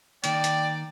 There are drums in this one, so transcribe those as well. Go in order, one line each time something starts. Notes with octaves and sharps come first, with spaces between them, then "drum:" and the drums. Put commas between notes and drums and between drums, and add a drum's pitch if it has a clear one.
D#3 A#3 D5 G5, drum: hi-hat
drum: hi-hat